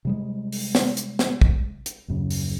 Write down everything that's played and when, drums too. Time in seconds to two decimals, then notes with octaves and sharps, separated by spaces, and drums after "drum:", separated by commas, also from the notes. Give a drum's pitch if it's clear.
0.05 C3 G3 G#3
0.52 drum: open hi-hat
0.75 drum: snare
0.97 drum: hi-hat
1.19 drum: snare
1.41 drum: kick
1.86 drum: hi-hat
2.08 D#1 F#2 C#3
2.30 drum: open hi-hat